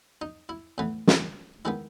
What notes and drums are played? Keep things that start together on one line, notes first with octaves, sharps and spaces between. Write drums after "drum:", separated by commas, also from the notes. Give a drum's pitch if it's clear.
D#4
E4
A2 E3 B3
drum: snare
D#3 G#3 B3 E4